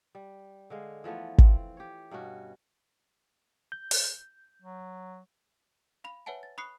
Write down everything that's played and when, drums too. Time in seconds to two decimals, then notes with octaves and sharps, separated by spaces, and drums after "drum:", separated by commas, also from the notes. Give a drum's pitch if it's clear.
0.15 G3
0.70 D3 G#3 F5
1.04 E3 F3 A3 B3
1.38 C4, drum: kick
1.77 G4 C#5
2.11 G2 B2 C#4 F#4
3.72 G6
3.91 drum: open hi-hat
4.62 F#3
6.04 F5 B5 F7
6.26 B4 C#5 E5 F#5 G#5 A5
6.43 A6
6.58 B5 C#6 D#6 F#6 C7 C#7